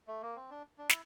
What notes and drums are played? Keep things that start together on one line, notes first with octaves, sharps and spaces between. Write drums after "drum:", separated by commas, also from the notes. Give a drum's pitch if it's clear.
A3
A#3
C4
D4
D4
E4, drum: snare